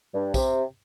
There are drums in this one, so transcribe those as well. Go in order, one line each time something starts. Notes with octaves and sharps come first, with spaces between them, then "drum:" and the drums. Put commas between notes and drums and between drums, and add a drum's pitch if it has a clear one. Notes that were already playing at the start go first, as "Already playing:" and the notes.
G2
C3, drum: kick, tambourine